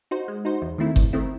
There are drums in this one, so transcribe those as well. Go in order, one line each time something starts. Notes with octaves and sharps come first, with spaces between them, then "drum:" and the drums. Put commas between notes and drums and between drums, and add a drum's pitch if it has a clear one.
D#4 F#4 C5
G#3
D#4 F#4 C5
E2
D#3 A3 C4 E4
E2, drum: kick G1
D#3 A3 C4 E4